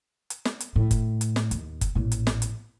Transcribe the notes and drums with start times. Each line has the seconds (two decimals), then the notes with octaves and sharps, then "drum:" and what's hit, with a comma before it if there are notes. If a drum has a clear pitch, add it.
0.30 drum: hi-hat
0.45 drum: snare
0.60 drum: hi-hat
0.76 A2
0.91 drum: kick F#1, hi-hat
1.21 drum: hi-hat
1.36 drum: snare
1.51 D#2, drum: hi-hat
1.81 drum: kick F#1, hi-hat
1.95 A1 A#2
2.12 drum: hi-hat
2.27 drum: snare
2.42 drum: hi-hat